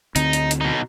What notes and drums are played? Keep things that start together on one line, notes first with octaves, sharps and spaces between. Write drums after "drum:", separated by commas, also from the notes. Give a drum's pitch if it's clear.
D2 D3 C4 D#4, drum: hi-hat
drum: hi-hat
drum: hi-hat
B2 D#4